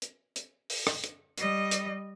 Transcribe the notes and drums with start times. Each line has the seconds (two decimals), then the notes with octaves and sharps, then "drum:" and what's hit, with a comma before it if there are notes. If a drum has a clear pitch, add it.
0.02 drum: hi-hat
0.36 drum: hi-hat
0.70 drum: open hi-hat
0.87 drum: rim click
1.04 drum: hi-hat
1.38 G3 D#5, drum: hi-hat
1.71 drum: hi-hat